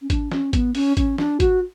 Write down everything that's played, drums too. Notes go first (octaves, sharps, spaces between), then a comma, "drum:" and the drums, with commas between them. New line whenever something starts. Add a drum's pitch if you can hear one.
C#4
D4, drum: kick G#1, hi-hat
C#4, drum: snare
B3, drum: kick G#1, hi-hat
C#4, drum: open hi-hat
C#4, drum: kick G#1, hi-hat
D4, drum: snare
F#4, drum: kick G#1, hi-hat